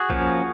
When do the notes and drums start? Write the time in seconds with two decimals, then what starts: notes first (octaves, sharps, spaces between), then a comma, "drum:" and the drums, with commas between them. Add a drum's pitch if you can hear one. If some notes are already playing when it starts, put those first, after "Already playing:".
Already playing: F#4 G#4
0.10 F3 A#3 C#4, drum: kick B1